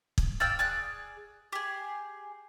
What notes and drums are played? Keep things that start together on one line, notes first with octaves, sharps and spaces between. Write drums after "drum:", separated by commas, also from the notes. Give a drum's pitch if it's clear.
drum: kick
D5 F5 G5 E6
G#4 D5 F#6
G4 G#4